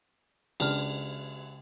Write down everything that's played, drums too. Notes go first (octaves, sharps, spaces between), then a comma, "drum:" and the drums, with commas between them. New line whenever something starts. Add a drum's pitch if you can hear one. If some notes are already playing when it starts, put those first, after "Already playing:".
C#2 D4 F6, drum: cymbal